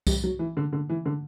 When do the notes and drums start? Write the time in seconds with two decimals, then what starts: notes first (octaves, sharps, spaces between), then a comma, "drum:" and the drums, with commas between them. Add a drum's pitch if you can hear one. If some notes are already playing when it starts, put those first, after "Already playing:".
0.07 G3, drum: kick C2, tambourine
0.24 F#3
0.39 E3
0.57 D3
0.73 D3
0.89 E3
1.06 D3